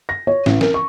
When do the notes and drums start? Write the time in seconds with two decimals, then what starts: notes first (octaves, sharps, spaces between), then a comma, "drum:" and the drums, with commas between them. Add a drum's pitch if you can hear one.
0.09 A#6
0.27 C#5
0.46 A1, drum: snare
0.61 A#4, drum: snare
0.74 C#6